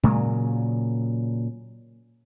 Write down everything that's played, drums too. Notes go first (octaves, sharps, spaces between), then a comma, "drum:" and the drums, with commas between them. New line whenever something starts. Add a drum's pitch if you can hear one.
A#2 C#3 F#3, drum: tom G#3